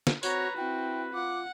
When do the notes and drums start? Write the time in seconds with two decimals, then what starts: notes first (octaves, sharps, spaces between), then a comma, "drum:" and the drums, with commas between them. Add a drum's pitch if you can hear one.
0.07 drum: snare
0.23 C4 F#4 B4 C#5 A#5, drum: tambourine
0.57 C4 E4 F#4 G5
1.14 F4 F#5 D6